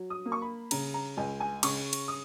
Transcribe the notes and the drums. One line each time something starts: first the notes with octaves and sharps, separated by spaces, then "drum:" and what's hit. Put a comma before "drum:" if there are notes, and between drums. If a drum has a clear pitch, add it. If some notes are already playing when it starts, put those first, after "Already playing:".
Already playing: F#3
D#6
A#3
C#6
B5
C#3 A#5, drum: cymbal
A#5
C#2 G#5
G#5
C#3 C#6, drum: cymbal
drum: cymbal
D#6